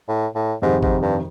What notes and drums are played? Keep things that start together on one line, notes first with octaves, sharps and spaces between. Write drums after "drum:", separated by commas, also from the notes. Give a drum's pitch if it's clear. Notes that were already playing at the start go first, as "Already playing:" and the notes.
A2
A2
F2 G#2 C3 D#3 G3
G#2, drum: kick G#1
G2